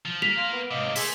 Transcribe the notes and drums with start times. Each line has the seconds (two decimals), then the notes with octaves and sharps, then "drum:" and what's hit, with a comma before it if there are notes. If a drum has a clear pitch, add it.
0.05 F3
0.22 A#3 A#4 B6 F7
0.38 F5 C6
0.52 B3
0.71 G#2 C3 D#5 F5 D6
0.96 G#4 A4 E5 C6, drum: open hi-hat